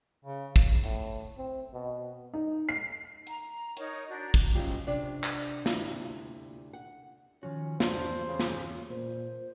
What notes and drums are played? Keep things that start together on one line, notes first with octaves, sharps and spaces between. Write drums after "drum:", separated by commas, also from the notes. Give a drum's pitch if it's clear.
C#3
drum: kick
A2, drum: hi-hat
C4
B2
D#4
C7
A#5, drum: hi-hat
D#4 A#4 C#5 C#6, drum: hi-hat
D4 F#4 A#5 G6
drum: kick
G#2 C#3 F3 F#3 F4 G4
C3 D4 D5 F#5
drum: clap
D2 C3 E4, drum: snare
F#5
D#3 F3 C#4 F#4
E2 D4 C5, drum: snare
C#3
drum: snare
A#2 C5